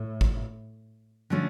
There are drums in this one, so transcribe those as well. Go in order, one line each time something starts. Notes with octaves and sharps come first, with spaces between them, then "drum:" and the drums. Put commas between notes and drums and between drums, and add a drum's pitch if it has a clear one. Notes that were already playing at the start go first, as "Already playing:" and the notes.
Already playing: A2
drum: kick
D3 F3 A3 C#4